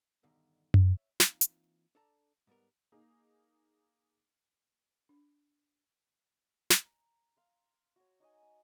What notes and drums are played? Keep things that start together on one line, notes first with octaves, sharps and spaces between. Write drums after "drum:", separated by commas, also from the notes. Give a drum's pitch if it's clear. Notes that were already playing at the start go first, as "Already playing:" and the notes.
E2 G2 B2 D3 D#3
C#5 E5, drum: tom F#2
E3 A#3 C4 D#4 F4, drum: snare
drum: hi-hat
D4 A4 D5 A5 A#5
G#2 G3 B3 A#4
A#3 D#4 G#4
D4
drum: snare
A#5
F5 C6
F#4 C#5
D#4 C#5 D#5 G#5
F#5